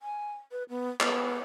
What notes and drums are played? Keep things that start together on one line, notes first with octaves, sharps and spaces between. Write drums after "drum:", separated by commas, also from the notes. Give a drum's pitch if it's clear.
G#5
B4
B3
B3, drum: clap